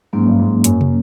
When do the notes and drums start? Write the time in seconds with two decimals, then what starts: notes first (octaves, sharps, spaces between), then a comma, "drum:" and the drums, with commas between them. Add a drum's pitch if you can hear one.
0.13 G#2 F#3 A#3 C#4
0.26 G2
0.39 G#2
0.64 F#2, drum: hi-hat
0.81 drum: tom